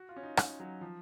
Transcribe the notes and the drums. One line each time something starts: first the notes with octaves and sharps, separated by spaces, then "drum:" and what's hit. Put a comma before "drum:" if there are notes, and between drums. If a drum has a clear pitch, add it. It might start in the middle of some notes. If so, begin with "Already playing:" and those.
Already playing: F#4
F4
C#4
D#4
C#4, drum: rim click
F#3
F3